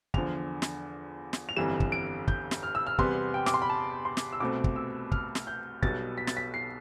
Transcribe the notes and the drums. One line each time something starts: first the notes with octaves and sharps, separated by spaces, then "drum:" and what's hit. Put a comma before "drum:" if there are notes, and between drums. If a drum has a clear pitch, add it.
E2 D3 F3 F7, drum: kick
drum: snare
drum: snare
F7
G1 F2 E3 G3 E7
drum: kick
D7
G6, drum: kick
drum: snare
F6
E6
F6
E2 C3 G3 B3 C6, drum: kick
G5
D6, drum: snare
C6
B5
A5
C6
drum: snare
E6
C2 B2 A3 C4 D6
drum: kick
E6
F6, drum: kick
drum: snare
G6
B1 B2 G3 B3 A6, drum: kick
B6
A6, drum: snare
B6
C7